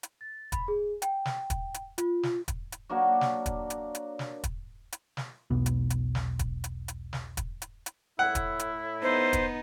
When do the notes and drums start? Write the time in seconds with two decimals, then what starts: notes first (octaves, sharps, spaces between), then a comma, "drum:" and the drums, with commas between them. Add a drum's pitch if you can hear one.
0.03 drum: hi-hat
0.21 A6
0.52 B5, drum: kick, hi-hat
0.68 G#4
1.02 G5, drum: hi-hat
1.25 drum: snare
1.50 drum: kick, hi-hat
1.74 drum: hi-hat
1.98 F4, drum: hi-hat
2.23 drum: snare
2.48 drum: kick, hi-hat
2.72 drum: hi-hat
2.89 F#3 A#3 D4 F#4
3.21 drum: snare
3.46 drum: kick, hi-hat
3.70 drum: hi-hat
3.95 drum: hi-hat
4.19 drum: snare
4.44 drum: kick, hi-hat
4.92 drum: hi-hat
5.17 drum: snare
5.50 E1 B1 B3
5.66 drum: hi-hat
5.90 drum: hi-hat
6.15 drum: snare
6.39 drum: kick, hi-hat
6.64 drum: hi-hat
6.88 drum: hi-hat
7.13 drum: snare
7.37 drum: kick, hi-hat
7.62 drum: hi-hat
7.86 drum: hi-hat
8.19 A2 E4 F#5
8.35 drum: kick, hi-hat
8.59 drum: hi-hat
9.02 B3 D#4 C5
9.33 drum: kick, hi-hat